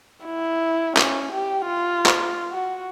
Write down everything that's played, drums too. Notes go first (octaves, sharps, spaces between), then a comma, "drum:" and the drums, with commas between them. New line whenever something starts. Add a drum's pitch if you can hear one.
E4
C#4, drum: clap
G4
F4
drum: clap
F#4